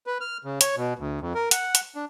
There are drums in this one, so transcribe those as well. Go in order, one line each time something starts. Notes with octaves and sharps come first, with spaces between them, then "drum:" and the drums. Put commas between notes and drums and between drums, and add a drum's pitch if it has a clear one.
B4
F6
C#3
C#5, drum: hi-hat
B2
D2
F2
A#4
F#5, drum: hi-hat
drum: hi-hat
D4